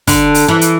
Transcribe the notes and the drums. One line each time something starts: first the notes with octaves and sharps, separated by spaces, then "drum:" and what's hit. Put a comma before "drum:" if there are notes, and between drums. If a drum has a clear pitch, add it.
D3, drum: kick, open hi-hat
drum: open hi-hat
E3
drum: hi-hat